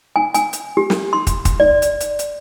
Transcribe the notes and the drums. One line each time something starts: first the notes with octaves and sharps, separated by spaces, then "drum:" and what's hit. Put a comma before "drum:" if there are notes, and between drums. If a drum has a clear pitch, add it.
G#5
G#5, drum: hi-hat
drum: hi-hat
G4
drum: snare
C6
drum: kick, hi-hat
drum: kick, hi-hat
D5
drum: hi-hat
drum: hi-hat
drum: hi-hat